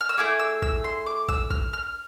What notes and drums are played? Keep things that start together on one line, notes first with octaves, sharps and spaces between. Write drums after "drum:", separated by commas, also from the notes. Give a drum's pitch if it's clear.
F6
E6
A3 E4 G#4 D6
E6
E6, drum: kick
C6
D6
E6, drum: kick
F6, drum: kick
F6